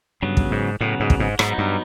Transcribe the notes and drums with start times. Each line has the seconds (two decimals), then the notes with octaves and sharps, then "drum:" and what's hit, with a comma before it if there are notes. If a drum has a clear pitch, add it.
0.22 G2 C#3 F#3 B3
0.37 drum: kick
0.51 G#2
0.81 A2 C#3 F#3 B3
1.00 G#2
1.10 drum: kick
1.20 G#2
1.39 G#2 F#3 B3 D#4, drum: rim click
1.58 G2